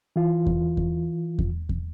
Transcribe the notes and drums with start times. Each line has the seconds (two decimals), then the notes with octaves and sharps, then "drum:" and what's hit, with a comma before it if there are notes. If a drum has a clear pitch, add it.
0.16 E3 F4
0.46 drum: kick E2
0.77 drum: kick E2
1.39 drum: kick E2
1.69 drum: kick E2